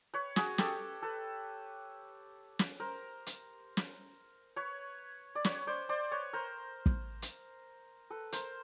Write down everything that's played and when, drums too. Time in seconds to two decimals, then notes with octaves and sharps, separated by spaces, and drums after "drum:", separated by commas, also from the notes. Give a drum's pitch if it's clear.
0.14 B4 C#5
0.36 F#4 G#4, drum: snare
0.58 G4 A4, drum: snare
1.02 A4 B4
2.59 drum: snare
2.80 A#4 C5
3.27 drum: hi-hat
3.77 drum: snare
4.56 B4 C#5
5.35 D5
5.44 B4 C#5, drum: snare
5.67 C5 D5
5.89 C5 D5
6.12 B4 C#5
6.33 A#4 C5
6.86 drum: kick
7.22 drum: hi-hat
8.10 A4 B4
8.32 A#4 C5, drum: hi-hat